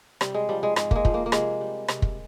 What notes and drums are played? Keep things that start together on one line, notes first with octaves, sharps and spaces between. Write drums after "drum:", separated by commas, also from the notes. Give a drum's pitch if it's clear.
C3 G3, drum: rim click
G#3
F3 G3
G#3
G#2 G#3, drum: rim click
G#3 A#3, drum: kick
F3, drum: kick
A#3
A#3
C3 G#3, drum: rim click
G3
C3, drum: rim click
drum: kick